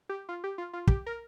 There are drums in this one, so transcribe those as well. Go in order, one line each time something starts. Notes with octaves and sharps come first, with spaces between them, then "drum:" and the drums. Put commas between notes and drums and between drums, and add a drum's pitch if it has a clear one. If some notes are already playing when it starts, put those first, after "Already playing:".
G4
F4
G4
F4
F4
G4, drum: kick
A#4